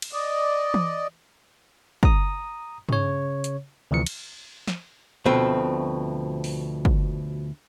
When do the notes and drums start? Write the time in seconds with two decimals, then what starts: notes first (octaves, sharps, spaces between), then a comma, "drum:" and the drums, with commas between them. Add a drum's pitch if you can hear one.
0.02 drum: cymbal
0.13 D5 D#5
0.74 drum: tom E3
2.03 A#5 D#6, drum: kick
2.89 C#3 C#5, drum: tom G2
3.44 drum: hi-hat
3.91 D2 C3 E3 F3 C#7
4.06 drum: cymbal
4.67 drum: snare
5.25 D2 B2 F3 A3 C4
6.44 drum: open hi-hat
6.85 drum: kick